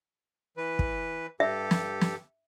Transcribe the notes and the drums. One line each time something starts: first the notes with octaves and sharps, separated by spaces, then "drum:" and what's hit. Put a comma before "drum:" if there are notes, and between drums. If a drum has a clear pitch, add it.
E3 B4
drum: kick
G2 G4 A4 E5
drum: snare
drum: snare